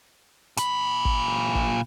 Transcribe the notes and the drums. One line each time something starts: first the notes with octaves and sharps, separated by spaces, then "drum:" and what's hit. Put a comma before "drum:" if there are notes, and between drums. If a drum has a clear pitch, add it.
A#2 B5, drum: hi-hat
drum: kick
drum: kick